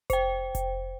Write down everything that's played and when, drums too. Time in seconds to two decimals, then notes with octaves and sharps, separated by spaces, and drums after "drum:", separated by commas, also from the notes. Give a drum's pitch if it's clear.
0.10 C5 G5, drum: kick F1, hi-hat
0.55 drum: kick F1, hi-hat